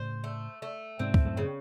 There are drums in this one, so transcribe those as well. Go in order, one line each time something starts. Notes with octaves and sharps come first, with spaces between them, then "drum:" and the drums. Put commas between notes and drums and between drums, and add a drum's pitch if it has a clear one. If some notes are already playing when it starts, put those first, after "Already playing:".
Already playing: A2 C#3 C5
A3
A3
G#2 C3 C4
drum: kick
F#2 A2
C#3